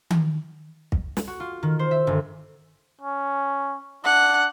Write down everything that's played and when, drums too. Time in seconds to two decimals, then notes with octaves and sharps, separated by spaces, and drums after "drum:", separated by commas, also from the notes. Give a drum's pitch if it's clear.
0.10 drum: tom D#3
0.92 drum: kick
1.17 drum: snare
1.27 F#4
1.40 F4
1.63 D#3
1.79 C5
1.91 E5
2.07 G1
3.01 C#4
4.05 D4 F#5